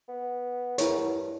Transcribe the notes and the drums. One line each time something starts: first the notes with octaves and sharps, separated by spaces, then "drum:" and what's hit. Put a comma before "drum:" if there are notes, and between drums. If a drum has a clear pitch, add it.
B3
E2 E4 A#4 C#5, drum: hi-hat
G2